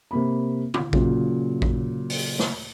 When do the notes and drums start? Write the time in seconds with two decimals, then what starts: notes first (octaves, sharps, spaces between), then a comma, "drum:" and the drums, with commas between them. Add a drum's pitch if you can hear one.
0.11 C3 A#3 B5
0.74 drum: tom
0.93 A#2 C#3 F#3, drum: kick A1
1.62 drum: kick A1
2.10 drum: open hi-hat
2.39 drum: snare